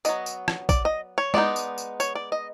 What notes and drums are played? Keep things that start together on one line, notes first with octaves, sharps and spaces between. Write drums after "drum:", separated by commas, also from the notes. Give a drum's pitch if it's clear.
F#3 B3 D4 D#5, drum: tambourine
drum: tambourine
drum: rim click
D5, drum: kick, tambourine
D#5
C#5
G#3 B3 D#4 D5, drum: tom G#3
drum: tambourine
drum: tambourine
C#5, drum: tambourine
D5
D#5